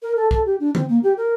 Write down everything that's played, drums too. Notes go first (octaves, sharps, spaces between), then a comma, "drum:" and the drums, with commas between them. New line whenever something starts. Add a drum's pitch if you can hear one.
A#4
A4
A4, drum: kick
G4
D4
C4, drum: tom D3
A#3
G4
A#4